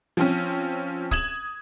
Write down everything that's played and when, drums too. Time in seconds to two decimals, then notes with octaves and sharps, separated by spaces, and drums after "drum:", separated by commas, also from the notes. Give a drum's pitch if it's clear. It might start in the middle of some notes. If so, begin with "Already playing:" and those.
0.17 F3 C4 C#4, drum: hi-hat
1.11 D#6 G#6 E7 F#7, drum: kick